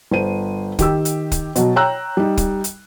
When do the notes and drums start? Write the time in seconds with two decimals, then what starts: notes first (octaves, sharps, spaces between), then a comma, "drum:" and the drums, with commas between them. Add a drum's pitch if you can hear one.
0.11 G1 C5 D#7
0.79 D#3 G4 E6, drum: kick, hi-hat
1.05 drum: hi-hat
1.32 drum: kick, hi-hat
1.56 B2 F#3, drum: hi-hat
1.76 C#5 G5 A#5 E6 F#6
2.17 G3 D#4
2.37 drum: kick, hi-hat
2.64 drum: hi-hat